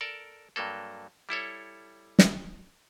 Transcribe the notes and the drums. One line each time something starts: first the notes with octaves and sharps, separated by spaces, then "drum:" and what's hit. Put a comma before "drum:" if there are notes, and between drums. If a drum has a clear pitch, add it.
A4 A#4 D5 A5
G2 F#3 A#3 A4
G3 E4 A4 C#5
drum: snare